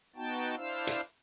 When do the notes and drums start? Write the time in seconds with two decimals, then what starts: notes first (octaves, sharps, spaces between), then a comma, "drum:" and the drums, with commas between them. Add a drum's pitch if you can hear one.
0.16 B3 D#4 F#4 G5 A5
0.57 D4 E4 C5 F5 E6
0.87 drum: hi-hat